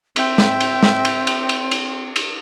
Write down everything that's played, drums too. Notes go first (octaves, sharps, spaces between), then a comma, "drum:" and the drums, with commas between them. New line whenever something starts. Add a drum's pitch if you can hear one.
C4 E5 G5, drum: cymbal
drum: snare
drum: cymbal
drum: snare
drum: cymbal
drum: cymbal
drum: cymbal
drum: cymbal
drum: cymbal